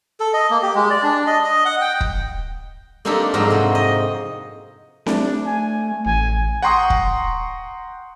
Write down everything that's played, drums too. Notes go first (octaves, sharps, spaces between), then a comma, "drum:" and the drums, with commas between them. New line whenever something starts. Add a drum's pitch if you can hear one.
A4
D#5
A#3
G4
G#3
D5
D4
D#5
D#5
F#5
G5
drum: kick
A#3 C4 D4 D#4 G4 A4
F2 G#2 F#3 C4 F#4 A#5
C3 C5
D#5
A3 D4, drum: snare C4
G#5
A1 G#5
F#5 G5 A#5 C6 C#6 D#6
drum: kick